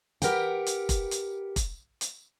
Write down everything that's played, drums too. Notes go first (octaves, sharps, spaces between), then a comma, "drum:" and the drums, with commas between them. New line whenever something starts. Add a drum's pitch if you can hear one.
G4 A#4 B4 F#5 G5, drum: hi-hat
drum: hi-hat
drum: kick F1, hi-hat
drum: hi-hat
drum: kick F1, hi-hat
drum: hi-hat